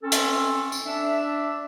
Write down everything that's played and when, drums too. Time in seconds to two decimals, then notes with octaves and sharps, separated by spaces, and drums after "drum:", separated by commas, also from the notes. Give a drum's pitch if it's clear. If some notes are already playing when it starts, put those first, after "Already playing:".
0.03 C4 C#4 A4
0.12 drum: hi-hat
0.72 drum: tambourine
0.86 D4 E5